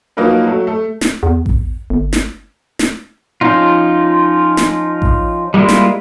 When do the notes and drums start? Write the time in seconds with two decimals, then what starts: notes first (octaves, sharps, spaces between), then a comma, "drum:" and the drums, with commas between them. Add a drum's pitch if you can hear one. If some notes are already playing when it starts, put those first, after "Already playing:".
0.17 F3 F#3 A#3 D#4 A#4 B4
0.47 F#3 A3
0.67 A3
1.01 drum: snare
1.23 E2
1.46 drum: kick A1
1.90 G1
2.13 drum: snare
2.79 drum: snare
3.41 F3 C#4 D#4 F4
4.57 drum: snare
5.02 drum: kick A1
5.54 G3 G#3 A#3 E4 F4
5.69 drum: snare